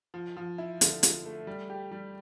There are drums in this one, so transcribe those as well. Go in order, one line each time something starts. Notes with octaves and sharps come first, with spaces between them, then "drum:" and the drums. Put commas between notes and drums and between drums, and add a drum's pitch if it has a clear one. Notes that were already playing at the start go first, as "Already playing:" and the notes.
F3
F3
E4
D3, drum: hi-hat
F3, drum: hi-hat
A3
G3
G4
G3